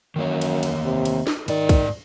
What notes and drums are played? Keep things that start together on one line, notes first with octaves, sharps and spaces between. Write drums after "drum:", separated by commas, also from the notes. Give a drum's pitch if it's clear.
F#2 D#3 A#3 C#5
drum: cymbal
drum: cymbal
C3
drum: cymbal
drum: snare D4
G#2 D#3 D5, drum: cymbal
drum: kick B1, cymbal